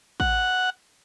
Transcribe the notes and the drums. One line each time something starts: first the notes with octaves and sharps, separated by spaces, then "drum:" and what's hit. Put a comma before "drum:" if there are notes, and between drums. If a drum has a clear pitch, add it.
F#5, drum: kick